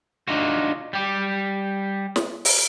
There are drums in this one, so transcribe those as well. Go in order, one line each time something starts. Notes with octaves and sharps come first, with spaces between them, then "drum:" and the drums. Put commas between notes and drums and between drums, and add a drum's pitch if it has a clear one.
D4 D#4 F4 F#4
G3 G4
drum: snare
drum: open hi-hat